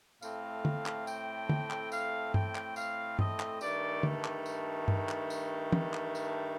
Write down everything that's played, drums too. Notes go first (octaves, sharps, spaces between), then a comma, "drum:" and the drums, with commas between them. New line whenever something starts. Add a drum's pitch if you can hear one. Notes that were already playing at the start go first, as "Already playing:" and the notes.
A2 A3 C4 F5, drum: tambourine
drum: tom D3
drum: clap
G5, drum: tambourine
drum: tom D3
drum: clap
F5, drum: tambourine
G5, drum: tom G2
drum: clap
F5, drum: tambourine
D#5, drum: tom G2
drum: clap
G2 D#3 A3 D5, drum: tambourine
drum: tom D3
drum: clap
drum: tambourine
drum: tom G2
drum: clap
drum: tambourine
drum: tom
drum: clap
drum: tambourine